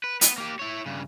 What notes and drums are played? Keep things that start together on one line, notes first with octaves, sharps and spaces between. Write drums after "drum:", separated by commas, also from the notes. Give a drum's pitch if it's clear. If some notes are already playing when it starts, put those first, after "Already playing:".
B4
B3, drum: hi-hat
A#3 G4
E4 C#5
G2 C#3